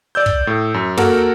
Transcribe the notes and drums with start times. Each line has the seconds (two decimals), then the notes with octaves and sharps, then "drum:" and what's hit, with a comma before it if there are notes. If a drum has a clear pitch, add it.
0.15 D5 E6 G6
0.26 drum: kick
0.47 A2
0.74 F#2
0.97 A#3 F#4 A4 A#4 F#5, drum: tom